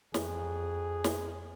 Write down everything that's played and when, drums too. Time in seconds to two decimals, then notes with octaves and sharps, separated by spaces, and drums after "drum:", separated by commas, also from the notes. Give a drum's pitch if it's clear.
0.14 F2 G#4, drum: snare
1.04 drum: snare